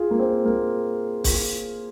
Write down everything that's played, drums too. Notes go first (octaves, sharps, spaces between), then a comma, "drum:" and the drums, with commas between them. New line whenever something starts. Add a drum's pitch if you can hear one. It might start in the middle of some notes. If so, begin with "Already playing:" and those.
Already playing: F4 G#4
A#3
C4
A#3
drum: kick, open hi-hat